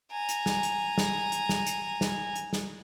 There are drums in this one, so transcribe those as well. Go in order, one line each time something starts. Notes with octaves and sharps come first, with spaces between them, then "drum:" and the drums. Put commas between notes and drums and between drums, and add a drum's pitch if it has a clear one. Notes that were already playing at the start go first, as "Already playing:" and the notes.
G#5 A#5
drum: hi-hat
drum: snare
drum: hi-hat
drum: snare
drum: hi-hat
drum: snare
drum: hi-hat
drum: snare
drum: hi-hat
drum: snare